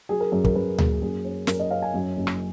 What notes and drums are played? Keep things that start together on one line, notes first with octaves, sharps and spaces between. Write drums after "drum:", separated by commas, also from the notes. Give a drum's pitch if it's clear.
F#3 G#4
A#4
F#2 G#4
A#4, drum: kick
F#2 B4
A#3 G#4, drum: tom D2
F#2 G#4
C#4
F#2 A#4, drum: snare
D#5
C#4 F5
G#5
F#2
F#1
drum: rim click